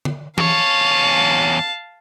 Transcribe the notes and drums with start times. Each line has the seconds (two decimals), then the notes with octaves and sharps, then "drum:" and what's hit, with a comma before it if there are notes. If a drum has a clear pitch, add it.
0.05 drum: tom
0.38 E2 C#5 F5 A5, drum: tom E3